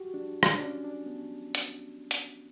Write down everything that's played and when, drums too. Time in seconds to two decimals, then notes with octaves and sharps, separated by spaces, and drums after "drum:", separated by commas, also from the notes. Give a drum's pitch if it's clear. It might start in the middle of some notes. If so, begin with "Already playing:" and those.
Already playing: F#4 G4
0.14 D4
0.43 D4, drum: rim click
0.58 D4
0.64 C#4
0.85 D4
1.06 B3
1.55 drum: hi-hat
2.11 drum: hi-hat